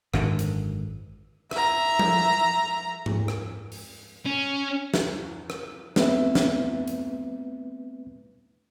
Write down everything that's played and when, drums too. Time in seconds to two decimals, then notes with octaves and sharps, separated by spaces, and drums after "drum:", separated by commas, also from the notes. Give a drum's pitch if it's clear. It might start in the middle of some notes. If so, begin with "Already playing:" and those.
0.14 G#1 F#2 D3, drum: rim click
0.39 drum: hi-hat
1.51 E5 A#5, drum: rim click
1.99 drum: tom F3
3.06 drum: tom G#2
3.28 drum: rim click
3.72 drum: open hi-hat
4.26 C#4
4.94 drum: snare
5.50 drum: rim click
5.96 A3 B3 C4 B4 E5, drum: snare
6.35 drum: snare
6.88 drum: hi-hat